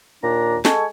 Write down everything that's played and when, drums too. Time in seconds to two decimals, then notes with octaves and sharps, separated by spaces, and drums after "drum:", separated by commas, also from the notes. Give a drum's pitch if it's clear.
0.24 D#2 A#2 D4 A#5
0.65 G#3 A4 G#5 C#6, drum: snare